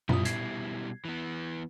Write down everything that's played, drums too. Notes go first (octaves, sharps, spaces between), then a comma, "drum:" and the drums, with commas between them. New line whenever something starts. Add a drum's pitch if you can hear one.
F#2 B2 G3 E4 F4 D#6, drum: tom A#2
G#6 C7, drum: hi-hat
E3 B3